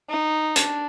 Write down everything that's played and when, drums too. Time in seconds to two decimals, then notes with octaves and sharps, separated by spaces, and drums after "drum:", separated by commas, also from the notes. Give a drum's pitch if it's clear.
0.10 D#4
0.56 D4, drum: hi-hat